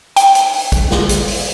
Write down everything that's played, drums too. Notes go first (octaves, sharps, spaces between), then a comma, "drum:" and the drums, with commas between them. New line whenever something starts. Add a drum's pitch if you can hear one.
G5, drum: hi-hat
drum: hi-hat
drum: open hi-hat
drum: kick, hi-hat
drum: snare
drum: hi-hat
drum: open hi-hat